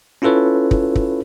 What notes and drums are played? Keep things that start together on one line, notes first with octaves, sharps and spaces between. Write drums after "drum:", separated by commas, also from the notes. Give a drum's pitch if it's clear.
C#4 E4 F4 A4 B4 C#5
drum: kick
drum: kick